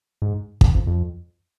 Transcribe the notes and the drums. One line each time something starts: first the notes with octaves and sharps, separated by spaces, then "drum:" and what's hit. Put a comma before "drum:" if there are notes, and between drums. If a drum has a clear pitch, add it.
G#2
F#2, drum: kick
F2
F2